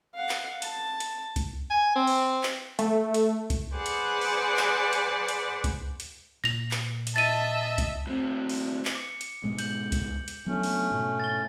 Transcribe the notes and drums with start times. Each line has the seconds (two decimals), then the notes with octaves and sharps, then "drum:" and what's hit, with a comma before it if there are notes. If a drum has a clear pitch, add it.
0.14 F5 F#5
0.29 drum: clap
0.62 A5, drum: hi-hat
1.00 drum: hi-hat
1.36 drum: kick C2, hi-hat
1.70 G#5
1.95 C4
2.07 drum: open hi-hat
2.43 drum: clap
2.79 A3, drum: hi-hat
3.14 drum: hi-hat
3.50 drum: kick C2, hi-hat
3.74 G#4 B4 C5 D5 F#5
3.86 drum: hi-hat
4.21 drum: open hi-hat
4.57 drum: clap
4.93 drum: hi-hat
5.28 drum: hi-hat
5.64 drum: kick C2, hi-hat
6.00 drum: hi-hat
6.44 A#2 A#3 A#6 F7
6.71 drum: clap
7.07 drum: hi-hat
7.16 D#5 E5 A5 A6 D#7
7.78 drum: kick C2, hi-hat
8.07 A2 C4
8.49 drum: open hi-hat
8.85 drum: clap
8.95 D6 C#7
9.21 drum: hi-hat
9.44 G#2 B2 G#3
9.58 G6 F#7, drum: hi-hat
9.92 drum: kick C2, hi-hat
10.28 drum: hi-hat
10.46 F#3 A3 B3 C#4 D4
10.63 drum: open hi-hat
10.91 G#2 B2
11.20 A6 G7